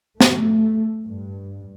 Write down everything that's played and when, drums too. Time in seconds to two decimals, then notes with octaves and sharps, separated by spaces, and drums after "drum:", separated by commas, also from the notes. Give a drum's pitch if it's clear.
0.21 A3, drum: snare
1.04 G2